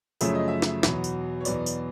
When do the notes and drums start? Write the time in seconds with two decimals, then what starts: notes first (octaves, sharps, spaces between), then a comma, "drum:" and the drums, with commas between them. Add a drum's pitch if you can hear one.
0.21 F#2 C#3 F3 A3 E5, drum: tambourine
0.35 D#5
0.48 E5
0.62 drum: snare
0.83 E2 B2 F#3 B3, drum: snare
1.04 drum: tambourine
1.41 C#5
1.45 E2 B2 F#3 B3 D5, drum: tambourine
1.66 drum: tambourine